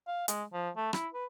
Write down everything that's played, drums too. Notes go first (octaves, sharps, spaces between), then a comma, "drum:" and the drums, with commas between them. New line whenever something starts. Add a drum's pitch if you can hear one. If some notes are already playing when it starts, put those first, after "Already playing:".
F5
G#3, drum: hi-hat
F3
A3
E4, drum: rim click
B4